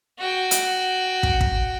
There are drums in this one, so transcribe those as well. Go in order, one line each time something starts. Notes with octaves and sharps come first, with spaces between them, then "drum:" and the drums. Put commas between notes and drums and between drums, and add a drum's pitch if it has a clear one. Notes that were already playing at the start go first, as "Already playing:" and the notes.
F#4 G5
drum: hi-hat
drum: kick
drum: kick